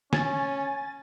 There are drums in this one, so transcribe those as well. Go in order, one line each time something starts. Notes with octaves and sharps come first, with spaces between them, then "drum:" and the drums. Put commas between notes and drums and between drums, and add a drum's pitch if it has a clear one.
C#4 G#5 A6, drum: snare